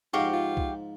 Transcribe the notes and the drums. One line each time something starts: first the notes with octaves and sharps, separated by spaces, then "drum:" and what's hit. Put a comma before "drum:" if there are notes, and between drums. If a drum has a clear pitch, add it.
G#2 F3 F#4 G4 F5
F4
drum: kick C2